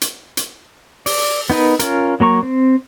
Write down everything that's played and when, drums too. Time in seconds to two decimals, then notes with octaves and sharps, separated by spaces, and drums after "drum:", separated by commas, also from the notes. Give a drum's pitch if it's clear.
0.01 drum: hi-hat
0.37 drum: hi-hat
1.06 D5, drum: open hi-hat
1.50 B3 D#4 A#4 B4
1.79 C#4 F4 A#4, drum: hi-hat
2.20 F#3 A#3 A#5 C#6
2.43 C4